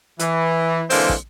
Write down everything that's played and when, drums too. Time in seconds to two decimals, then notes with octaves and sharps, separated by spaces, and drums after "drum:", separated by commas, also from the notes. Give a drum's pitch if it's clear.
0.19 E3, drum: hi-hat
0.90 D3 E3 G#3 A#3 C4, drum: open hi-hat
1.09 drum: kick